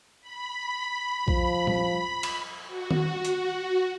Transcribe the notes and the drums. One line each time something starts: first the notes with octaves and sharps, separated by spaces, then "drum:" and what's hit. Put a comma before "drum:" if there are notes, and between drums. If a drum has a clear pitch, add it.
B5
F3, drum: kick
drum: tom
drum: cymbal
F#4
drum: tom D#3
drum: hi-hat